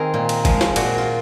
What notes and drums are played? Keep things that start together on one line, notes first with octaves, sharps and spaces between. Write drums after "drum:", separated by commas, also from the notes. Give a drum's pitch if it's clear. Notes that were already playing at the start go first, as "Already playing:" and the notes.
Already playing: D#3 C4 G#4 A#4
A#2
drum: cymbal
F3 G#3, drum: kick, cymbal
drum: snare
A#2 F#4, drum: cymbal
F4